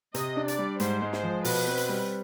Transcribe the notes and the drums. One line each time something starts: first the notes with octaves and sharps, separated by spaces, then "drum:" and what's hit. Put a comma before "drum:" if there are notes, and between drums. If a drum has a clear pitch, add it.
C3 D#5, drum: hi-hat
D4
D5, drum: hi-hat
G3
G#2 C5, drum: hi-hat
G#3
C5, drum: snare
F3
B2 B4, drum: open hi-hat
C4
drum: hi-hat
G3